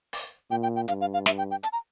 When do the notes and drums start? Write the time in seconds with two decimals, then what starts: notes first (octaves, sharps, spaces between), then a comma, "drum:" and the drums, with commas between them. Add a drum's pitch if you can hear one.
0.13 drum: open hi-hat
0.50 A#2 G5
0.63 G5
0.76 G5
0.88 G2 F5, drum: hi-hat
1.01 F5
1.14 F5
1.26 E5, drum: snare
1.38 G5
1.51 G5
1.63 A5, drum: hi-hat
1.73 A#5